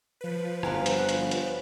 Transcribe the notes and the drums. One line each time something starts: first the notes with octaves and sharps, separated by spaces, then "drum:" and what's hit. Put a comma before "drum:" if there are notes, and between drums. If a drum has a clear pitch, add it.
F3 B4
G1 F#4 A#4 C5 F5 G#5, drum: rim click
drum: hi-hat
C#5 F5 F#5
drum: hi-hat
drum: hi-hat